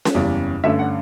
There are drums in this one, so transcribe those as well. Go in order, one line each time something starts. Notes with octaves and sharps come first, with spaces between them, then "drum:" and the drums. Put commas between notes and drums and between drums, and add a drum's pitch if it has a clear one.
drum: snare C#4
F#1 E2 C#3 G3 C#4
G2 D3 A3 C#4 E5
F#5